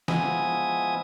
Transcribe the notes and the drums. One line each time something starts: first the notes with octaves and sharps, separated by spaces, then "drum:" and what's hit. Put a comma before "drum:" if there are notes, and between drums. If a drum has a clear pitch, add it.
F3 G#3 B3 E4 G#5 D#6, drum: snare